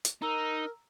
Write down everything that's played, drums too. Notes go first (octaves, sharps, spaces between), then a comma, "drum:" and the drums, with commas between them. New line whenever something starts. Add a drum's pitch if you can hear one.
drum: hi-hat
D#4 A#4 A#5 E6